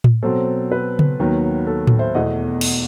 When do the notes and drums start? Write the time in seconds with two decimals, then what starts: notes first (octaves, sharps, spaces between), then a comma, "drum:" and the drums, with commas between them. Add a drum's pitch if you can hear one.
0.04 drum: tom A2
0.23 B2 F#3 C4 A4 C5
0.72 B4
0.99 drum: tom C#3
1.20 D#2 D#3 F#3 B3
1.67 A4
1.87 drum: tom A2
1.99 C5 E5
2.14 E2 B2 A3 D#5 F#5
2.61 drum: cymbal